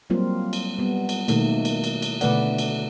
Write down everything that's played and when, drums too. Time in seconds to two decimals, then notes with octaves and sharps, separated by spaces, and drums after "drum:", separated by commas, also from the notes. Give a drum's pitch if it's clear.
0.10 F#3 G3 A#3 C4 F4
0.53 drum: cymbal
0.79 G3 B3
1.09 drum: cymbal
1.28 B2 D#3 A3 A#3, drum: cymbal
1.65 drum: cymbal
1.84 drum: cymbal
2.02 drum: cymbal
2.21 B2 D3 A3 B4 D5 F#5, drum: cymbal
2.58 drum: cymbal